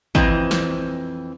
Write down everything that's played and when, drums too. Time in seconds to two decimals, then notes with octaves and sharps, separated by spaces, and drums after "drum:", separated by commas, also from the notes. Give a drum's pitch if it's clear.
0.15 F2 E3 C4 D#5 A#5, drum: kick G#1
0.51 drum: snare